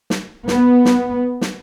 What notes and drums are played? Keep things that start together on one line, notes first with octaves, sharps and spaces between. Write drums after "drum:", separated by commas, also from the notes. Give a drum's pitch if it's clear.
drum: snare
B3, drum: snare
drum: snare
drum: snare